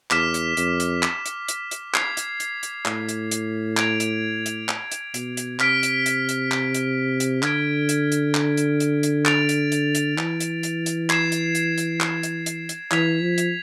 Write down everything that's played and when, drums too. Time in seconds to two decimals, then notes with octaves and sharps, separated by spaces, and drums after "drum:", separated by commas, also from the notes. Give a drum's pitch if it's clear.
0.11 E2 D6 F6 B6 E7, drum: clap
0.34 drum: hi-hat
0.57 F2, drum: hi-hat
0.80 drum: hi-hat
1.03 drum: clap
1.26 drum: hi-hat
1.48 drum: hi-hat
1.71 drum: hi-hat
1.94 G#6 C7 F7, drum: clap
2.17 drum: hi-hat
2.40 drum: hi-hat
2.63 drum: hi-hat
2.86 A2, drum: clap
3.09 drum: hi-hat
3.31 drum: hi-hat
3.77 G#6 D7 F7, drum: clap
4.00 drum: hi-hat
4.46 drum: hi-hat
4.69 drum: clap
4.92 drum: hi-hat
5.14 B2, drum: hi-hat
5.37 drum: hi-hat
5.60 C3 F6 B6 D7, drum: clap
5.83 drum: hi-hat
6.06 drum: hi-hat
6.29 drum: hi-hat
6.52 drum: clap
6.74 drum: hi-hat
7.20 drum: hi-hat
7.43 D3 F6 G#6 D7, drum: clap
7.89 drum: hi-hat
8.12 drum: hi-hat
8.35 drum: clap
8.57 drum: hi-hat
8.80 drum: hi-hat
9.03 drum: hi-hat
9.25 A6 D7 F7, drum: clap
9.49 drum: hi-hat
9.72 drum: hi-hat
9.95 drum: hi-hat
10.18 E3, drum: clap
10.40 drum: hi-hat
10.63 drum: hi-hat
10.86 drum: hi-hat
11.10 G#6 C7 E7, drum: clap
11.32 drum: hi-hat
11.55 drum: hi-hat
11.78 drum: hi-hat
12.01 drum: clap
12.23 drum: hi-hat
12.46 drum: hi-hat
12.69 drum: hi-hat
12.91 E3 G#6 B6 F7, drum: clap
13.22 F3
13.38 drum: hi-hat